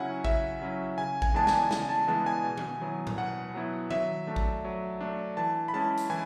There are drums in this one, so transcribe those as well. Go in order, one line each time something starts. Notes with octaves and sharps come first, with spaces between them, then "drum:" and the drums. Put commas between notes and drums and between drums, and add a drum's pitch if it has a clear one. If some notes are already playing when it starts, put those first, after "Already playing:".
Already playing: C#3 F#3 C#4 E4 F#5 G#5
C#3 E5, drum: kick A1
F#3 C#4 E4
C#3 G#5
G#5, drum: kick A1
E3 G#3 B3 D4 A5
G#5, drum: snare
C#3 G#5, drum: snare
A5
E3 G#3 B3 D4 A5
G#5
B2
drum: tom D#3
F#3 B3 E4
drum: tom A2
B2 F#5
F#3 B3 E4
F#3 E5, drum: tom D#3
A3 D4
drum: kick A1
F#3
A3 D4
E3 A5
B5
G#3 C#4 E4 A5
drum: hi-hat
E3 G#5